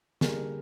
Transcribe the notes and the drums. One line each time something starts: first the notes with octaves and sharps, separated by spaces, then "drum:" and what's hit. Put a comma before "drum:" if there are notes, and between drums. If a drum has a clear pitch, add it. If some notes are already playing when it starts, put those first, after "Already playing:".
D3 G3 A#3 G#4 A#4, drum: snare